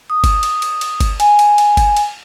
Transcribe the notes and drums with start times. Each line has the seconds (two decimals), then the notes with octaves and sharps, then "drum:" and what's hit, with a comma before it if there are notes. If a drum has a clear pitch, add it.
0.10 D#6
0.24 drum: kick G1, cymbal
0.43 drum: cymbal
0.62 drum: cymbal
0.81 drum: cymbal
1.01 drum: kick G1, cymbal
1.20 G#5, drum: cymbal
1.39 drum: cymbal
1.58 drum: cymbal
1.77 drum: kick G1, cymbal
1.97 drum: cymbal